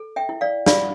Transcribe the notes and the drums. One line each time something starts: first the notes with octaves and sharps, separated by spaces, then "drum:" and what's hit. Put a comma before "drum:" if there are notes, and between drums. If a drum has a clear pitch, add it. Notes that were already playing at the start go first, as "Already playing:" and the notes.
Already playing: A4
E5 G5
E4
D5 F5
F4 D5 F5, drum: snare